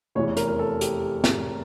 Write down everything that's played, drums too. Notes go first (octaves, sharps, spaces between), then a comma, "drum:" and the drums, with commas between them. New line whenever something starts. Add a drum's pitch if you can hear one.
F1 E2 E3 C#5
A#4, drum: hi-hat
A#4
A4
G4, drum: hi-hat
drum: snare